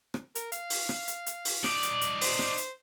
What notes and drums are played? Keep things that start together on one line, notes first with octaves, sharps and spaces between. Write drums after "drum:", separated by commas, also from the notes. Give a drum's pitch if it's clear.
drum: rim click
A#4, drum: hi-hat
F5, drum: hi-hat
drum: open hi-hat
drum: rim click
drum: hi-hat
drum: hi-hat
drum: open hi-hat
D#4 D5, drum: rim click
drum: hi-hat
drum: hi-hat
C5, drum: open hi-hat
drum: rim click
drum: hi-hat